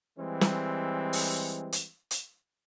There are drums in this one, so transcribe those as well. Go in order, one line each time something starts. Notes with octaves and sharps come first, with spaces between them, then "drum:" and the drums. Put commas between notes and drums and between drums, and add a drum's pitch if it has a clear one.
E3 G3 G#3 C4
drum: snare
drum: open hi-hat
drum: hi-hat
drum: hi-hat